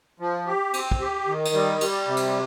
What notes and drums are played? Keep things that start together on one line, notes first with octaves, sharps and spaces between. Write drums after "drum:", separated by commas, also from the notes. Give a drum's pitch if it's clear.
F3
G4
C4, drum: cymbal
drum: kick
G4
D#3
drum: cymbal
G3
G3, drum: cymbal
C3
drum: cymbal